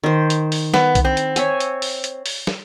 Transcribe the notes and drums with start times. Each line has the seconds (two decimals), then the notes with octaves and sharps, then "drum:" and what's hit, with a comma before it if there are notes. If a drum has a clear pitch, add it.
0.04 D#3 C5
0.30 drum: hi-hat
0.52 drum: open hi-hat
0.74 B3, drum: snare
0.95 drum: kick B1, hi-hat
1.05 C4
1.17 drum: hi-hat
1.36 C#5 E5 G#5, drum: hi-hat
1.60 drum: hi-hat
1.82 drum: open hi-hat
2.04 drum: hi-hat
2.26 drum: open hi-hat
2.47 drum: snare